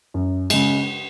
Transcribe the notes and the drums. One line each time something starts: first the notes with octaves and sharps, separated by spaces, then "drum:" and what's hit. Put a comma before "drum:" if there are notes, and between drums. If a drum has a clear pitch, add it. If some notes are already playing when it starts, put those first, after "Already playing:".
F#2
C#3 G#3, drum: cymbal